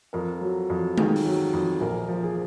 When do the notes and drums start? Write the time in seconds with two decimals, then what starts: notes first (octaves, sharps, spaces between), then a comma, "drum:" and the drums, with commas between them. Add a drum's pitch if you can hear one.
0.13 F2 A#4
0.41 F#3
0.70 F2
0.98 D#3 G#4, drum: tom G#3
1.16 drum: open hi-hat
1.25 F#3
1.53 F2
1.81 A#1 A#4
2.08 F3
2.23 G#4